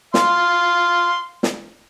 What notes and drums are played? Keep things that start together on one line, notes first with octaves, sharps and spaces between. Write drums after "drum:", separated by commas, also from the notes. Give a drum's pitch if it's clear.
F5 C6, drum: snare
drum: snare